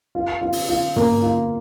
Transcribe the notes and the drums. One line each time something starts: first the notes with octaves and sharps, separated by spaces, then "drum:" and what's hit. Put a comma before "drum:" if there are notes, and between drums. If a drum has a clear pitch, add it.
F4
F4
drum: open hi-hat
F4
A#3, drum: tom
F4